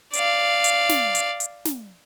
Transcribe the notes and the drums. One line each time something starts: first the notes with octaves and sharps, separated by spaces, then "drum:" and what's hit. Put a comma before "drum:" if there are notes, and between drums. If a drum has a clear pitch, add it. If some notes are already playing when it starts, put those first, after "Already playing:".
D5 F5, drum: hi-hat
drum: hi-hat
drum: snare
drum: hi-hat
drum: hi-hat
drum: snare